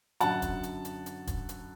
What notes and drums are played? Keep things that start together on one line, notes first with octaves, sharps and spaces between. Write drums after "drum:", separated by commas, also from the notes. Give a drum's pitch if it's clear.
F#2 D3 F#3 F#5 A5, drum: hi-hat
drum: kick, hi-hat
drum: hi-hat
drum: hi-hat
drum: hi-hat
drum: kick, hi-hat
drum: hi-hat